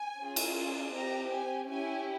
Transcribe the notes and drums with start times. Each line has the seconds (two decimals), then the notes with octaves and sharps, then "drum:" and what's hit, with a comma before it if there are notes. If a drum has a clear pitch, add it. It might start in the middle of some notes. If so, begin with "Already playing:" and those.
Already playing: G#5
0.20 C#4 F4 G#4
0.36 drum: cymbal
0.95 C4 G4 A#5
1.32 G#5
1.69 C#4 E4 G4 G#5